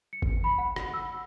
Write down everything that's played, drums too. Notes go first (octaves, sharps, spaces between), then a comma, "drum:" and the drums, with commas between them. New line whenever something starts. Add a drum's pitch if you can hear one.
C#7
drum: kick G1
B5
F#5
drum: rim click
E6